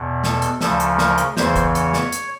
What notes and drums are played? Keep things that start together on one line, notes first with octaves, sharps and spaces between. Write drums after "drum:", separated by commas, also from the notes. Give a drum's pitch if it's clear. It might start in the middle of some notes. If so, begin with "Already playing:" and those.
Already playing: E2 B2
A4, drum: snare
drum: hi-hat
D2 C#3 F3 A4, drum: snare
drum: hi-hat
A#4, drum: snare
drum: hi-hat
E2 C#3 E3 C5, drum: snare
drum: kick G#1, hi-hat
C#5, drum: hi-hat
drum: snare
drum: hi-hat